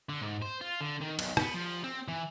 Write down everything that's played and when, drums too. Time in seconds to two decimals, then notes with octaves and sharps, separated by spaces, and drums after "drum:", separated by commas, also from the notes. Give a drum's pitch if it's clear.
0.09 D3
0.21 G#2
0.42 C5
0.61 F4
0.81 D3
1.01 D#3
1.19 B1, drum: cymbal
1.37 B3, drum: rim click
1.54 F3
1.84 C4
2.08 E3